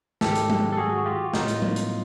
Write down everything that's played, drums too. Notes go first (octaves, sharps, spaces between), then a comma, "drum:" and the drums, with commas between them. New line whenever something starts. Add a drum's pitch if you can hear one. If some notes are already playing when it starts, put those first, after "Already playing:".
G#2 D#3 G#3 G4 A4, drum: snare
drum: hi-hat
drum: tom F#3
A4
F#4 G#4
F#4
F4 G4
F#4
A2 F#3 B3 D#4 F4, drum: snare
drum: hi-hat
drum: tom F#3
drum: hi-hat